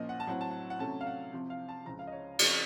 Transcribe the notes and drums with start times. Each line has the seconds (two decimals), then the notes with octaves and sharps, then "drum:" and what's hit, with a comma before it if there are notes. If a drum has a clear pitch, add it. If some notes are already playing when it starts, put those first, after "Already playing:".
Already playing: A#2 F3 A#3 C#4 D#5
0.09 F#5
0.20 A5
0.27 A2 F#3 C4 F#5
0.41 A5
0.51 F#5
0.70 F#5
0.79 C3 F#3 A3 C#4 A5
1.01 F5
1.07 F#5
1.33 C3 F3 C4
1.50 F5
1.69 A5
1.85 C#2 C#3 F3 A#5
1.99 F5
2.07 D#5
2.12 C#5
2.39 C#3 F3 C4 C#5, drum: cymbal